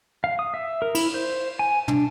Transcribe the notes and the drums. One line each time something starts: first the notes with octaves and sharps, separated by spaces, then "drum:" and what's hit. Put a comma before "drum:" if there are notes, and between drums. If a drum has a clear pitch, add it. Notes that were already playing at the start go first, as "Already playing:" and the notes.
F5
D#6
E5
A#4
E4, drum: cymbal
C5
G#5
D4, drum: tom